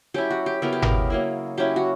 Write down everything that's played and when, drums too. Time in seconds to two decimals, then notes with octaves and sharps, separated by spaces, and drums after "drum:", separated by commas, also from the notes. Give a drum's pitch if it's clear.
0.14 F#3 C#4 E4 G4
0.31 F#4
0.46 G4
0.62 C#3 F#3 B3 E4 A#4
0.73 G4
0.82 A#4, drum: tom G1
1.10 F#3 A#3 E4
1.58 F#3 C#4 E4 G4
1.76 F#4